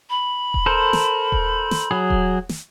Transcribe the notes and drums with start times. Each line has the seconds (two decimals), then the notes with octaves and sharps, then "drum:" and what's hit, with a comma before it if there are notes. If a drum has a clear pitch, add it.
0.10 B5
0.54 drum: kick D#1
0.66 A4 A#4 C5
0.93 drum: snare
1.32 drum: kick D#1
1.71 drum: snare
1.91 F#3 G#4
2.10 drum: kick D#1
2.49 drum: snare